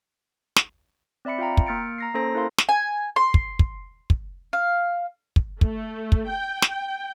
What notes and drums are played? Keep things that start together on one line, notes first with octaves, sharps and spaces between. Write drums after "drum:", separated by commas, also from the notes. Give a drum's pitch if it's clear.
drum: snare
C4 D5 E5 B5 C#7
F4 F5 G5 A#5
drum: kick
A#3 F6 A6 C#7 D7
A#5 A#6 C7
A#3 C#4 A4 C5 A#5 A#6
E4 A4 A#4 F5 C6
drum: snare
G#5
C6
drum: kick
drum: kick
drum: kick
F5
drum: kick
A3, drum: kick
drum: kick
G5
drum: snare